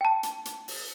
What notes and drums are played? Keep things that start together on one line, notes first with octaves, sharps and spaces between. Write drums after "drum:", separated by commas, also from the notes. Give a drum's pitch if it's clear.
G5 A5
drum: hi-hat
drum: hi-hat
drum: open hi-hat